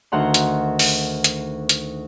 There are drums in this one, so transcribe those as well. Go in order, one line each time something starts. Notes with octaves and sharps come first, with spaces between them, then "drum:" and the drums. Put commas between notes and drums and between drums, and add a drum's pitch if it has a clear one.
D2 D#3 F#5 A#5 C6
drum: hi-hat
drum: open hi-hat
drum: hi-hat
drum: hi-hat